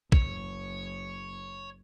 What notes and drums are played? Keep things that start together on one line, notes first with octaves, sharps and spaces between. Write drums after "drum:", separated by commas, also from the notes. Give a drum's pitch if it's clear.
F#1 C#5, drum: kick